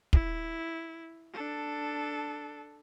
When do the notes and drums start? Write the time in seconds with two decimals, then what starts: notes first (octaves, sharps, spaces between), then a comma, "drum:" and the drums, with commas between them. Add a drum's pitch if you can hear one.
0.13 E4, drum: kick
1.33 D4 A4